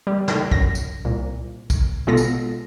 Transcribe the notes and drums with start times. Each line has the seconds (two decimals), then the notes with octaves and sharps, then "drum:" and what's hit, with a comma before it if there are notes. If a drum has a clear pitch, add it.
0.07 G3
0.28 drum: snare
0.51 F#2 A#6, drum: kick
0.75 drum: tambourine
1.05 C2 A#2
1.70 drum: kick, tambourine
2.07 B2 G#3 B3 F4 A4 A#6
2.17 drum: tambourine